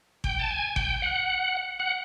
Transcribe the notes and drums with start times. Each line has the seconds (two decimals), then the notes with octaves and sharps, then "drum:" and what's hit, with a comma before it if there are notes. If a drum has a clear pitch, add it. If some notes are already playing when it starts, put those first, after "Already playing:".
0.24 G5, drum: kick G#1
0.39 A5
0.51 G#5
0.76 G5, drum: kick G#1
1.02 F#5
1.80 F#5